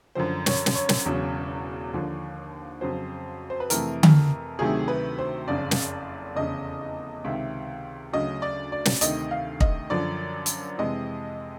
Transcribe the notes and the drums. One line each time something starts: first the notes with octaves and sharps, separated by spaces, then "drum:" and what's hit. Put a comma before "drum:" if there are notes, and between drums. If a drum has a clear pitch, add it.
F#2 D3 F3 C5
C#5, drum: snare
drum: snare
C#5
drum: snare
E1 E2 C#3 F#3
D#2 D3 F3
F2 C#3 F#3 C5
C5
B4
F2 C3 E3 A3 A#4, drum: hi-hat
drum: tom D3
D2 C3 D#3 F#3 A3 G#4
B4
C5
F#1 F2 C#3 D5
drum: snare
F1 E2 C#3 D#5
C#2 C3 D#3 E5
D2 C#3 F#3 D#5
D5
D5
drum: snare
D2 C3 D#3 D#5, drum: hi-hat
F5
D#5, drum: kick
F#2 D3 F3 D5
drum: hi-hat
F2 C3 E3 G#3 D#5